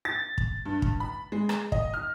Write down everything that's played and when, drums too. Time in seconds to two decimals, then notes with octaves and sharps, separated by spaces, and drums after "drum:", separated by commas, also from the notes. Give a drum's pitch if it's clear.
0.05 A6
0.38 drum: kick
0.65 G2
0.82 drum: kick
1.00 B5
1.32 G#3
1.49 drum: rim click
1.72 D#5, drum: kick
1.94 F6